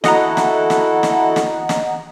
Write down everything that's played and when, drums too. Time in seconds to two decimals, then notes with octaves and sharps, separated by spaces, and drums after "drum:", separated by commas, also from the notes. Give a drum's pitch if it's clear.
0.04 E4 F#4 A4 D#5 F#5 A#5, drum: snare
0.37 drum: snare
0.70 drum: snare
1.03 drum: snare
1.36 drum: snare
1.69 drum: snare